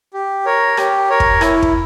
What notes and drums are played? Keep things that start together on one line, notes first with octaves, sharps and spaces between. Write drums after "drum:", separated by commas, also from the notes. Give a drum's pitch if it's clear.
G4
A#4 C#5
G4, drum: rim click
A#4 C#5
drum: kick
E4, drum: rim click
drum: kick